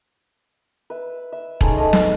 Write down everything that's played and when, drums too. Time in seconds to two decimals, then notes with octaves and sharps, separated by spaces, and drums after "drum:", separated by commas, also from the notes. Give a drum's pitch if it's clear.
0.90 B4 E5
1.32 E5
1.61 G#3 A3 C#4 D#4, drum: kick E1
1.77 A3 D#5
1.93 drum: snare